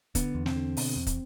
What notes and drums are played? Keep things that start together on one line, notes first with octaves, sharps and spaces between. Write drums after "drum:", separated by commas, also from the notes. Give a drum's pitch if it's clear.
D3 B3, drum: kick, hi-hat
E2
C4, drum: snare
D3
B2, drum: open hi-hat
E2
drum: kick, hi-hat